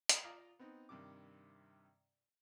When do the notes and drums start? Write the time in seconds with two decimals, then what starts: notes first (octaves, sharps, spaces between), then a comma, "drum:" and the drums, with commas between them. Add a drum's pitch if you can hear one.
0.09 drum: hi-hat
0.24 F4 D5 F5 A#5 D#6
0.59 B3 C4 D#4
0.89 G2 C3 D#3 D6